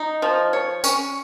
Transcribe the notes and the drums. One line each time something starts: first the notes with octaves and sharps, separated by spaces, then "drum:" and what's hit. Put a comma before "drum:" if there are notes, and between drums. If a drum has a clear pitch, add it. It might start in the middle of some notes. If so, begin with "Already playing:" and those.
Already playing: D#4
F3
C#5
C#4, drum: tambourine